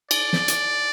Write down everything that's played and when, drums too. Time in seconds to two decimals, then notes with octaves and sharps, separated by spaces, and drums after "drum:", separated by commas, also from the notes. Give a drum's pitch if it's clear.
0.11 D5, drum: cymbal
0.33 drum: snare
0.48 drum: hi-hat